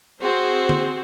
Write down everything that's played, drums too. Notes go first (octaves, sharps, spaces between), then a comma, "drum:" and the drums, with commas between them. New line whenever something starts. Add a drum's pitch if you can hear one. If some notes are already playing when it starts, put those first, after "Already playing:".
C4 F#4 G#4 C5
drum: tom